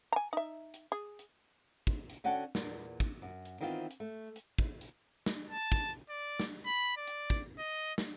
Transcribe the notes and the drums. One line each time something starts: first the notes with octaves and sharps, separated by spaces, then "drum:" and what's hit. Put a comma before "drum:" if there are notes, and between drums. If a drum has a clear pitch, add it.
G#5 A#5
D#4 E5
drum: hi-hat
G#4
drum: hi-hat
drum: kick
drum: hi-hat
D3 C#4 F#4 F#5 G5 A5
E2 A#2, drum: snare
drum: kick, hi-hat
F#2
drum: hi-hat
D#3 E3 B3 C4 F4
drum: hi-hat
A3
drum: hi-hat
drum: kick
drum: hi-hat
drum: snare
A5
drum: kick, hi-hat
D5
drum: snare
B5
D5
drum: hi-hat
drum: kick
D#5
drum: snare